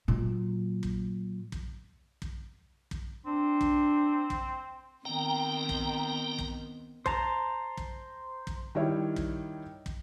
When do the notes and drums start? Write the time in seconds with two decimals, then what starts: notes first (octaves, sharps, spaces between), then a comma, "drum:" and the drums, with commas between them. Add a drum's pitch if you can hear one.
0.08 A#2 F#3
0.83 drum: kick
1.52 drum: kick
2.22 drum: kick
2.91 drum: kick
3.26 C4 D4
3.61 drum: kick
4.30 drum: kick
5.05 D#3 B3 C4 G5 A#5
5.69 drum: kick
6.39 drum: kick
7.06 C5 A5 A#5, drum: kick
7.77 drum: kick
8.47 drum: kick
8.75 D#3 G3 E4 C#5
9.16 drum: kick
9.86 drum: kick